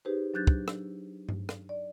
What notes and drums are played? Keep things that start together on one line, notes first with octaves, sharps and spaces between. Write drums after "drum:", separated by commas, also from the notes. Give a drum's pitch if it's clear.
D#4 G4 G#4 B4 C5
F#3 D4 F#6 G6 A6
drum: kick
drum: rim click
drum: tom G2
drum: rim click
D5